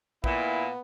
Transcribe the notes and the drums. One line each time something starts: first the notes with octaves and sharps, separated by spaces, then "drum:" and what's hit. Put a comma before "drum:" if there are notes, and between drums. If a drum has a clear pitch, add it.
A#2 B3 E4, drum: kick